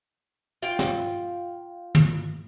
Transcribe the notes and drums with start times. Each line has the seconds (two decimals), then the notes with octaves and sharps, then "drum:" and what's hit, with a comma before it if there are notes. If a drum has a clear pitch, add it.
0.62 F4 G5
0.79 drum: snare
1.95 drum: tom